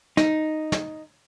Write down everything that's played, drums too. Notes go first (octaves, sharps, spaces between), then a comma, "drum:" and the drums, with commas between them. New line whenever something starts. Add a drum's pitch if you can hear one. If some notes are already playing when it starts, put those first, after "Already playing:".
D#4, drum: snare
drum: snare